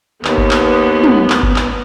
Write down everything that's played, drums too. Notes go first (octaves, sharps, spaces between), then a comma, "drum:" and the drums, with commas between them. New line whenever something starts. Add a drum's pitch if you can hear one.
D#2 B3, drum: clap
drum: kick G1
drum: clap
drum: tom
drum: clap
drum: kick G1
drum: clap